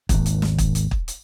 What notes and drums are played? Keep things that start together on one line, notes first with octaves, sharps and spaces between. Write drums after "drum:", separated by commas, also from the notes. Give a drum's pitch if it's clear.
G#1 D#2, drum: kick, hi-hat
drum: hi-hat
drum: snare
drum: kick, hi-hat
drum: hi-hat
drum: kick
drum: hi-hat